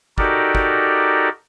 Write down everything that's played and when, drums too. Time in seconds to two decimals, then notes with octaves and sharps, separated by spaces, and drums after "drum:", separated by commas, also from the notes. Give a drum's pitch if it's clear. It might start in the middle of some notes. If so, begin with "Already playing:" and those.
0.18 D#4 F#4 G4 A4 A#4 D5, drum: kick
0.55 drum: kick